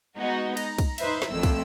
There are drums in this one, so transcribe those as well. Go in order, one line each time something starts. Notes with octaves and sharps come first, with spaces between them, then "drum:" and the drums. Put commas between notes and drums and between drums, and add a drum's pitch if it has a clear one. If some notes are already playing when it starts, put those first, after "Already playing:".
G#3 B3 D#4 F#4
A#5, drum: cymbal
drum: kick, cymbal
D#4 B4 C5 E5, drum: cymbal
drum: snare
A#1 F2 A3 E6
drum: kick, cymbal